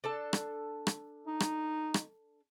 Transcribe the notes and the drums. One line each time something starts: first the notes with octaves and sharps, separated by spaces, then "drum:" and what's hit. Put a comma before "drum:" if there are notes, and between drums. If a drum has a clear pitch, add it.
D4 A4 A5
drum: rim click
drum: rim click
D#4
drum: rim click
drum: rim click